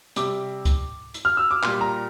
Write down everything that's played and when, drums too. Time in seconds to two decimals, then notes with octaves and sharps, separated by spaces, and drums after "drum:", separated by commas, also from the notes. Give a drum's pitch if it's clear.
0.16 C3 G3 D6, drum: hi-hat
0.65 drum: kick C#2, hi-hat
1.14 drum: hi-hat
1.25 F6
1.37 E6
1.51 D6
1.63 A#2 G3 C6, drum: clap
1.81 A#5